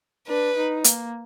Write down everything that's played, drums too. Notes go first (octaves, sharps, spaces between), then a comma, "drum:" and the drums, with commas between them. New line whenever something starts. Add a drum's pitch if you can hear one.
D4 B4
D#4
A#3, drum: hi-hat